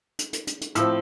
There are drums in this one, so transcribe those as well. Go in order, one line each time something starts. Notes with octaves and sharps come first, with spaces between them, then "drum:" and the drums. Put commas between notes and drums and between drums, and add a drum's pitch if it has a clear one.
drum: hi-hat
drum: hi-hat
drum: hi-hat
drum: hi-hat
A2 F3 C4 E6, drum: hi-hat